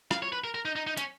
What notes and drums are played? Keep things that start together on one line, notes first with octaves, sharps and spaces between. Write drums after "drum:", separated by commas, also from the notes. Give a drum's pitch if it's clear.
F5, drum: rim click
C#5
B4
A#4
A#4
D#4
D#4
D#4
C#4, drum: hi-hat